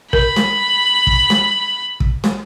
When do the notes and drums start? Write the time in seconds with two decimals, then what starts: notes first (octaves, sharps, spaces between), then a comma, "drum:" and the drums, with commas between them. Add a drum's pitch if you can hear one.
0.13 A#4 B5, drum: kick
0.36 drum: snare
1.07 drum: kick
1.30 drum: snare
2.00 drum: kick
2.24 drum: snare